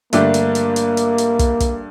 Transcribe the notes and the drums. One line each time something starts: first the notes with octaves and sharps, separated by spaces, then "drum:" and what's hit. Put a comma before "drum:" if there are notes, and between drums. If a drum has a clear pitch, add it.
G2 D3 A3 A#3 D4 G4, drum: hi-hat
drum: hi-hat
drum: hi-hat
drum: hi-hat
drum: hi-hat
drum: hi-hat
drum: kick, hi-hat
drum: kick, hi-hat